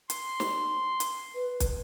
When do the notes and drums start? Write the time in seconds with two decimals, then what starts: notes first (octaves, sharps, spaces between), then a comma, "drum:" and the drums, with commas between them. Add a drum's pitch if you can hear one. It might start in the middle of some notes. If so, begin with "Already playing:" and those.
0.10 C6, drum: hi-hat
0.40 drum: snare
1.00 drum: hi-hat
1.35 B4
1.60 drum: kick, hi-hat